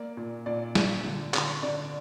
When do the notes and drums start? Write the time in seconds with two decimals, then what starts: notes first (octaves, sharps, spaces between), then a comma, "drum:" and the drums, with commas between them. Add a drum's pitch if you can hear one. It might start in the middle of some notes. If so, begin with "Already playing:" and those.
Already playing: A#3 D5
0.17 A#2
0.46 A#2 D5
0.75 A#2, drum: snare
1.04 D3
1.34 D3, drum: clap
1.63 D3 D5